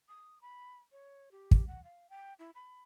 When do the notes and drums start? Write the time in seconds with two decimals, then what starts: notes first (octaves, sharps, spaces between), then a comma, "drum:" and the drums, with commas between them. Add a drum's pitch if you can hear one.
0.09 D#6
0.42 B5
0.92 C#5
1.31 G4
1.51 drum: kick
1.67 F#5
1.84 F5
2.10 G5
2.39 E4
2.55 B5